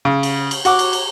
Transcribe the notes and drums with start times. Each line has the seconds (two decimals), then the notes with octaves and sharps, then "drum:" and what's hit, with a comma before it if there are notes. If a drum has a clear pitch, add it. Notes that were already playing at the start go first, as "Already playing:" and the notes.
0.05 C#3
0.23 drum: cymbal
0.51 drum: cymbal
0.65 F#4 F#5 D6, drum: cymbal
0.79 drum: cymbal
0.93 drum: cymbal